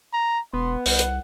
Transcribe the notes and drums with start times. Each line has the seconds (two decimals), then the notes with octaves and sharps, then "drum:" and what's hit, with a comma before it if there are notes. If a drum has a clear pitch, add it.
0.13 A#5
0.53 E1 B3 C6
0.86 C2 F#5, drum: open hi-hat
0.99 drum: hi-hat